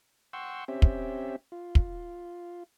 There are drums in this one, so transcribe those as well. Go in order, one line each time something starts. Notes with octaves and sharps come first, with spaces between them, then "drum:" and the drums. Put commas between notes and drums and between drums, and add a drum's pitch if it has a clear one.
F#5 G5 C6 C#6 E6
C4 C#4 G4 E5
drum: kick
F4
drum: kick